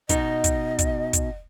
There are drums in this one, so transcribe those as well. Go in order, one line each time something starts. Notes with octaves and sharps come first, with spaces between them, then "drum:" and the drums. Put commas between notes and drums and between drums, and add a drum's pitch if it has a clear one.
B2 D#4 D#5, drum: kick, hi-hat
drum: kick, hi-hat
drum: kick, hi-hat
drum: kick, hi-hat